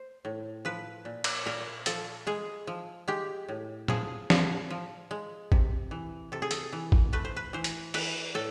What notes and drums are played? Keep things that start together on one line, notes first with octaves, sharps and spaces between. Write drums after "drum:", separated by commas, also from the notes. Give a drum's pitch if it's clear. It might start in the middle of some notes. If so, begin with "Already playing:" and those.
Already playing: C5
A2
F3 B4
A#2
drum: cymbal
A#2 A#4
F3 A4, drum: hi-hat
G#3 G#4
F3
G#3 G4
A2
F3 G#4, drum: tom A#2
F3, drum: snare
F3
G#3
C3, drum: kick
E3
C3 A4
G#4
A4, drum: hi-hat
E3
drum: kick
A3 B4
C5
B4
E3 C5
drum: hi-hat
E3 B4, drum: cymbal
A2 A4